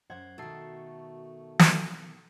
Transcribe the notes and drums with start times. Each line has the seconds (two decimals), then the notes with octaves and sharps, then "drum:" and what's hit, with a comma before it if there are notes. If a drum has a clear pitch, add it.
0.10 F#2 C5 F#5 G#6
0.38 B2 D#3 A3 F#4 A4 C7
1.59 drum: snare